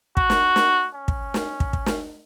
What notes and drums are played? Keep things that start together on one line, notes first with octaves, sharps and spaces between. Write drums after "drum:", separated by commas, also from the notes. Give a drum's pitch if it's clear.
F#4, drum: kick
drum: snare
drum: snare
C#4
drum: kick
drum: snare
drum: kick
drum: kick
drum: snare